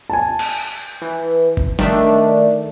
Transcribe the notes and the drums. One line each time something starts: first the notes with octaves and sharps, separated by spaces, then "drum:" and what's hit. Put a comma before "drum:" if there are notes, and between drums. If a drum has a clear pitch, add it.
G#5 A5
drum: cymbal
E3
drum: kick
D#3 A3 D4, drum: snare